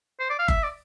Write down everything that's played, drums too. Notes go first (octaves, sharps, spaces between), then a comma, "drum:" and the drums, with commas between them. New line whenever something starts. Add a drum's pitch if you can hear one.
C5
D5
F5
E5, drum: kick F#1
D5